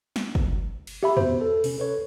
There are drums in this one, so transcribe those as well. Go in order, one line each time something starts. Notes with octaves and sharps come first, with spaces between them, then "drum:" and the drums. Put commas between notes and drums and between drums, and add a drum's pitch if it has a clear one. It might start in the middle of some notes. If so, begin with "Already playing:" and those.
drum: snare
drum: kick
drum: cymbal
G4 E5 B5
B3 F#4 B4 C5, drum: tom E2
A4
C3 C#4, drum: open hi-hat
A4 B4 C#5